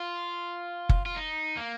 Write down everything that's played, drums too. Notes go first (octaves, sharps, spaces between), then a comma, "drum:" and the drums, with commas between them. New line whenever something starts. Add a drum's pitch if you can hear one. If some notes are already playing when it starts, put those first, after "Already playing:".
Already playing: F4
drum: kick F#1
F4
D#4
A#3